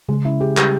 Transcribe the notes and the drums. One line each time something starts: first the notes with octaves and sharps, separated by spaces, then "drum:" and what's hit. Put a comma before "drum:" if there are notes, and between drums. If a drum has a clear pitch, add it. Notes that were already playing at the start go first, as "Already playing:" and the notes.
C#3 G#3
C#4 E4
G4 G#4
G3 G4, drum: clap